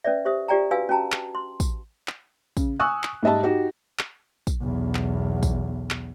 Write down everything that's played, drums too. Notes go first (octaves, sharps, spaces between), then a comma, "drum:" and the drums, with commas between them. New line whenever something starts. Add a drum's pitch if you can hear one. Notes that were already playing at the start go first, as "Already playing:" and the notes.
C#4 B4 D5 E5
G4 C5 E5 D#6
F4 G4 D5 G5 A#5
D4 F#4 B4 F5 G#5 E6
C#4 F#4 G5 A5 A#5
drum: clap
C6
drum: kick, tambourine
drum: clap
C#3, drum: kick, tambourine
G#5 C#6 D#6 E6 F#6
drum: clap
G#2 G3 D#5 E5 A5
D#4 F#4 G4
drum: clap
drum: kick, tambourine
B1 E2
drum: clap
drum: kick, tambourine
drum: clap